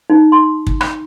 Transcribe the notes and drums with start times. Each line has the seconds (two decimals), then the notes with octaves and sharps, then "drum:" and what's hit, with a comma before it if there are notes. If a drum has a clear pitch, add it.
0.10 D#4
0.32 C6
0.67 drum: kick
0.81 B5, drum: rim click